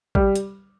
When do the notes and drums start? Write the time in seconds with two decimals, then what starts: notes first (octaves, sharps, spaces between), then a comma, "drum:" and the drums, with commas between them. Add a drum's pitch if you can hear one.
0.15 G3, drum: kick A1
0.36 drum: hi-hat